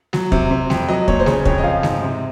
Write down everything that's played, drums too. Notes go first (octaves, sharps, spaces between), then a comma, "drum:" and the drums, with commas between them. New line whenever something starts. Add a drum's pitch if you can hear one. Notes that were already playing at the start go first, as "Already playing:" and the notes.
F#3, drum: snare G#3
C3, drum: kick
C3
F2, drum: snare G#3
F#3 D#5
A#2 C#5, drum: kick
C5
C#3 C#5, drum: snare G#3
F2 C#5, drum: kick
D#5
F3 F5
G#2, drum: snare G#3
C3